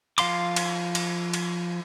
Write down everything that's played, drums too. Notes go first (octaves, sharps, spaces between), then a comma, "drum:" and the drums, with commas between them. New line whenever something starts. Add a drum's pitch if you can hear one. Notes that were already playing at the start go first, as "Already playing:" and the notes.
F3 F5 C6 D6, drum: cymbal
drum: cymbal
drum: cymbal
drum: cymbal